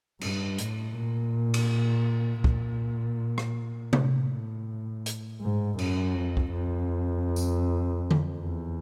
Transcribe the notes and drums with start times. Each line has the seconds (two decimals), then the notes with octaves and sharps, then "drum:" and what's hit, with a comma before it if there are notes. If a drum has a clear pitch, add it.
0.21 G2, drum: cymbal
0.58 A2, drum: hi-hat
0.96 A#2
1.54 drum: cymbal
2.44 A#2, drum: kick
3.38 drum: rim click
3.93 A2, drum: tom C3
5.06 drum: hi-hat
5.41 G#2
5.79 F#2, drum: cymbal
6.15 F2
6.37 drum: kick
6.53 F2
7.36 drum: tambourine
8.11 drum: tom D3
8.38 E2